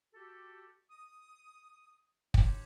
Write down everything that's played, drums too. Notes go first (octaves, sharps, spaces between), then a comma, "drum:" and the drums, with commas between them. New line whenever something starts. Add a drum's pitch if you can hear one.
F#4 G4 A4
D#6
D4 D#4 F#4 G4 C5 C#5, drum: kick